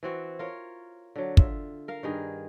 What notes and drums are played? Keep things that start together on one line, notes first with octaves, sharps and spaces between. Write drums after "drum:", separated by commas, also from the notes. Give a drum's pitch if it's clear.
E3 C4 F#4
F4 A#4 C#5
D3 F#3
F4 E5, drum: kick
A#4 F5
G2 D#3 G#4